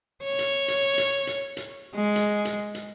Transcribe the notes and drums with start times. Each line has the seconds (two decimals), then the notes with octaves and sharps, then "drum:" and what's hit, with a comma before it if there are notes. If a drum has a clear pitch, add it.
0.24 C#5
0.39 drum: hi-hat
0.68 drum: hi-hat
0.98 drum: hi-hat
1.27 drum: hi-hat
1.57 drum: hi-hat
1.95 G#3
2.16 drum: hi-hat
2.45 drum: hi-hat
2.75 drum: hi-hat